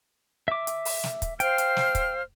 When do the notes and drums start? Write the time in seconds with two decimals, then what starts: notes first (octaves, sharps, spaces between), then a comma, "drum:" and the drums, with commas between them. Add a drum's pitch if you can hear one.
0.48 E5 D6
0.67 drum: hi-hat
0.85 drum: open hi-hat
1.04 drum: snare
1.22 drum: kick, hi-hat
1.40 C5 F5 G5 F6, drum: hi-hat
1.58 drum: hi-hat
1.76 drum: snare
1.95 drum: kick, hi-hat